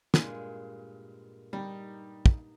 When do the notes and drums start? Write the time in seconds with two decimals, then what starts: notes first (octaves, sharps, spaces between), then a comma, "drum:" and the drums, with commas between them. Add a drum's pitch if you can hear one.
0.14 G2 A#2 G#3, drum: snare
1.53 G3 D#4
2.26 drum: kick